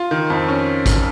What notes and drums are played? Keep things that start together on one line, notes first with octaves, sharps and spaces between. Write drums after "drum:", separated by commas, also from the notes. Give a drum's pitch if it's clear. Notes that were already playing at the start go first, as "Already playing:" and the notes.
Already playing: F4
D#3
F2
C#4
drum: kick, hi-hat